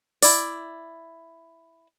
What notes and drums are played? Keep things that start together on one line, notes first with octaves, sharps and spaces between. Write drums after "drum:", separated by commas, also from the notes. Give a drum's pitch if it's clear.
E4 D5, drum: open hi-hat